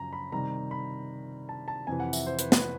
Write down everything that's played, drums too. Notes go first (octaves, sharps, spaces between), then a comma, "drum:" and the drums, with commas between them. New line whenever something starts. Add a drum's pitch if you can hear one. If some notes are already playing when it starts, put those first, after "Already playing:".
Already playing: F#2 C#3 F3 A#5
B5
C3 D#3 G3 A#5
B5
A5
A5
F2 C3 E3 G#5
F#5
E5, drum: tambourine
C5
B4, drum: hi-hat
B4, drum: snare